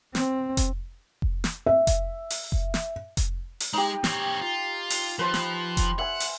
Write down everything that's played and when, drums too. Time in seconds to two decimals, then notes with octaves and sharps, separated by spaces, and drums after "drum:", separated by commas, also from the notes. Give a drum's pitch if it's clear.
0.15 C4, drum: snare
0.57 drum: kick F1, hi-hat
1.22 drum: kick F1
1.44 drum: snare
1.66 E5
1.87 drum: kick F1, hi-hat
2.30 drum: open hi-hat
2.52 drum: kick F1
2.74 drum: snare
3.17 drum: kick F1, hi-hat
3.60 drum: open hi-hat
3.74 G#3 D#4 G4
4.04 C4 C#5, drum: snare
4.41 F4
4.90 drum: open hi-hat
5.19 F3 B4 C5 C6
5.34 drum: snare
5.77 drum: kick F1, hi-hat
5.99 E5 F#5 G#5
6.20 drum: open hi-hat